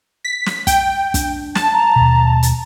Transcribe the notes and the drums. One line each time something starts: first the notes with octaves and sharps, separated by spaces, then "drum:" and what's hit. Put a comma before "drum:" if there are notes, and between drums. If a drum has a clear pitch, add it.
B6
drum: snare
G5, drum: kick, hi-hat
D4, drum: kick, hi-hat
A5, drum: snare
A#5
D#2 B2
drum: hi-hat